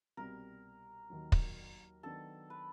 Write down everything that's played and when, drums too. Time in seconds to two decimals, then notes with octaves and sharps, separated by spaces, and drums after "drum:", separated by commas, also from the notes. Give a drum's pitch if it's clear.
0.17 C2 B2 G3 C4 A#4
1.10 D#2 D#3 F#3
1.32 drum: kick
2.03 D#3 F#3 B3 D4 A4
2.50 B4